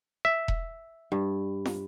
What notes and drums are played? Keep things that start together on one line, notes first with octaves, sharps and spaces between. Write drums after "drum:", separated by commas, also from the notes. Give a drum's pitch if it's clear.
E5
drum: kick E1
G2
drum: snare